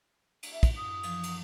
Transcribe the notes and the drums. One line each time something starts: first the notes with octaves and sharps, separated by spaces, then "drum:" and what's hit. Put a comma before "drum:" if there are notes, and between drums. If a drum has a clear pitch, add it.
drum: cymbal
E5
drum: kick, cymbal
F#2 D#6
E3 F3, drum: cymbal
drum: cymbal